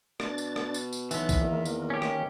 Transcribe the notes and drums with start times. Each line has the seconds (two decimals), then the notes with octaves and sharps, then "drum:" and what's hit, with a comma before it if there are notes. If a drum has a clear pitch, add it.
0.20 B2 D4 A6, drum: rim click
0.38 drum: tambourine
0.56 drum: rim click
0.74 drum: tambourine
0.93 drum: tambourine
1.11 B1 E3 B3 F#6 A6, drum: tambourine
1.29 drum: kick A#1, tambourine
1.41 E2 D#3 A#3
1.65 drum: tambourine
1.90 C#4 G4
2.02 drum: rim click